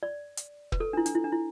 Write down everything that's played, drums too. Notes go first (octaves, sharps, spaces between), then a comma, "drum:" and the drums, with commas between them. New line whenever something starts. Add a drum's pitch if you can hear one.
D5
drum: hi-hat
B4, drum: kick
A4
D4
E4
D4, drum: hi-hat
E4
D4
E4